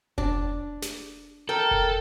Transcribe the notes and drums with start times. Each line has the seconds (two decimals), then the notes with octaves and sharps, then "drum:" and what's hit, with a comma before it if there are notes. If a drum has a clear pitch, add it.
0.18 D4, drum: kick F1
0.82 drum: snare
1.49 A4 A#4 G5
1.71 drum: kick F1